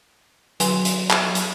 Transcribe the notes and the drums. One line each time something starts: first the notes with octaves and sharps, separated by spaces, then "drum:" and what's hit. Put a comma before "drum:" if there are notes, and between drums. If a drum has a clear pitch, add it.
F#3 B4 G#5 C6, drum: hi-hat
drum: hi-hat
drum: clap
drum: hi-hat